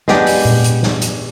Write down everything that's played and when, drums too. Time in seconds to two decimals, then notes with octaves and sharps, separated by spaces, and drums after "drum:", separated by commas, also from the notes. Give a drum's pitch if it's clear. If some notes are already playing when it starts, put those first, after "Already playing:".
0.08 G#3 B3 D4 G4, drum: snare
0.26 drum: open hi-hat
0.45 drum: tom A#2
0.64 drum: hi-hat
0.83 drum: snare
1.02 drum: hi-hat